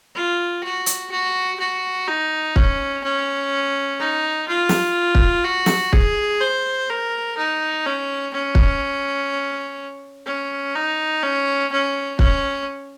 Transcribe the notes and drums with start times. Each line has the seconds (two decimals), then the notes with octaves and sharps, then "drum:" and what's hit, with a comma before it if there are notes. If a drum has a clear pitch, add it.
0.15 F4
0.63 F#4
0.86 drum: hi-hat
1.11 F#4
1.60 F#4
2.08 D#4
2.56 C#4, drum: kick
3.04 C#4
4.00 D#4
4.48 F4
4.69 drum: snare
5.15 drum: kick
5.44 F#4
5.66 drum: snare
5.93 G#4, drum: kick
6.41 C5
6.90 A#4
7.37 D#4
7.86 C#4
8.33 C#4
8.55 drum: kick
10.26 C#4
10.75 D#4
11.23 C#4
11.72 C#4
12.19 C#4, drum: kick